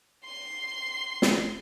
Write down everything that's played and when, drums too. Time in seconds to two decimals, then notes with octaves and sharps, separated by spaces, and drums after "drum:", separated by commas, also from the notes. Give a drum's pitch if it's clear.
0.24 C6 C7
1.22 drum: snare